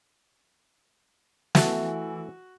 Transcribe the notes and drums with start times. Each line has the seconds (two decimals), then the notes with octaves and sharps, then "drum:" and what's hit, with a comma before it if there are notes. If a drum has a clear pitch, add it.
1.55 E3 A3 F#4, drum: snare